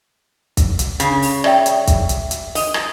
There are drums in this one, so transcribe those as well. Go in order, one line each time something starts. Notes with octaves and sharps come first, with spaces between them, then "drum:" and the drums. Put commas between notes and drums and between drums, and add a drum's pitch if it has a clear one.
drum: kick, hi-hat
drum: hi-hat
C#3, drum: hi-hat
drum: open hi-hat
D5 E5 G5, drum: rim click
drum: hi-hat
drum: kick, hi-hat
drum: hi-hat
drum: hi-hat
D#5, drum: open hi-hat
drum: rim click